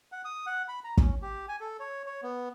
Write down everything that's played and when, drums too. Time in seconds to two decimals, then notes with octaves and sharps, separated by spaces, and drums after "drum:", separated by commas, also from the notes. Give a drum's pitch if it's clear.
0.12 F#5
0.25 D#6
0.46 F#5
0.68 B5
0.84 A#5
0.97 C#4, drum: kick
1.22 G4
1.49 G#5
1.60 A4
1.80 C#5
2.06 C#5
2.23 B3